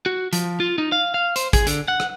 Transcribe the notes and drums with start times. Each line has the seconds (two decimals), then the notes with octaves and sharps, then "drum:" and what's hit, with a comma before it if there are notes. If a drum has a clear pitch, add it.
0.06 F#4
0.33 F3, drum: hi-hat
0.60 F4
0.78 D#4
0.92 F5
1.14 F5
1.36 C5, drum: hi-hat
1.53 G#4, drum: kick, hi-hat
1.67 D3, drum: hi-hat
1.88 F#5
2.00 drum: rim click